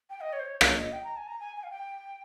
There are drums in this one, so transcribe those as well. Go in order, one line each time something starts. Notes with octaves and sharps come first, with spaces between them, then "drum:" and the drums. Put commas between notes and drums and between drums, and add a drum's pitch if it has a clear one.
G5
D#5
C#5
C5
C#5
C#5, drum: rim click
D#5
G5
A#5
G#5
A#5
G#5
G#5
F5
G5